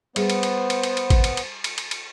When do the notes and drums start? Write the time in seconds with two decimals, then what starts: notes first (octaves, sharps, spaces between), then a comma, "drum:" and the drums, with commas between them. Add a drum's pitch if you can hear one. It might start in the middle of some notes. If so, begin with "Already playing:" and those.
0.16 G3 B3 G#4 C5, drum: cymbal
0.30 drum: cymbal
0.43 drum: cymbal
0.70 drum: cymbal
0.83 drum: cymbal
0.97 drum: cymbal
1.10 drum: kick, cymbal
1.24 drum: cymbal
1.37 drum: cymbal
1.64 drum: cymbal
1.78 drum: cymbal
1.91 drum: cymbal